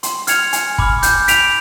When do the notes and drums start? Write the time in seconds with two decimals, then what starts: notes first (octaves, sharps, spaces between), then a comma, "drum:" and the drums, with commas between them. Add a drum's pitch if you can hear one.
0.03 C6, drum: hi-hat
0.27 F6 G#6 C#7 F7, drum: hi-hat
0.53 G#5, drum: hi-hat
0.78 B5 D6 F6, drum: kick
1.03 G6, drum: hi-hat
1.28 B6 D7 F7, drum: hi-hat